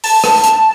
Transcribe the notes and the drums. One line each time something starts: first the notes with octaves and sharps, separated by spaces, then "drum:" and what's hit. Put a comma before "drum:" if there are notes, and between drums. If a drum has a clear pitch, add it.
A5, drum: open hi-hat
drum: rim click
drum: hi-hat